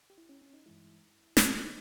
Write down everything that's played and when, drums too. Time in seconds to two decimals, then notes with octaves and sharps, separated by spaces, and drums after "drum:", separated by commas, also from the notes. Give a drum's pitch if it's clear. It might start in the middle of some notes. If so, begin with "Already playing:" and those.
0.10 G4
0.18 E4
0.29 C#4
0.41 C#4
0.53 D#4
0.66 G2 E3 G#3 E4
1.37 drum: snare
1.54 E4
1.63 E3 G#3 D#4